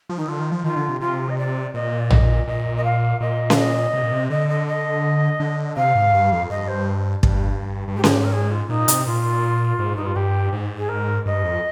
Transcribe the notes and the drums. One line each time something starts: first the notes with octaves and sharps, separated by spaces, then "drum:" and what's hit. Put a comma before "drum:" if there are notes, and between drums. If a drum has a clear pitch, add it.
F3
D#3 D#4
D3 F4
D#3
F3
D#3 F4
D3
C3
C3 F4
D#5
D5
A#2 D#5
D5
D#5, drum: tom A#1
A#2 D#5
D#5
F5
A#2 D#5
F5, drum: snare C#4
D#5
C3
A#2
C3
D3 D#5
D#5
D#5
D3
C3 F5
G#2
G2
F2
G2 D#5
C5
G2, drum: kick
G2
G#2 G4
G#4, drum: snare C#4
G4
A#4
G#4
F4
A#2 D#4
C3, drum: hi-hat
A#2 F4
G#2
G2 D#4
F4
G2 G4
G#2
G#4
A#4
G2 D#5
F2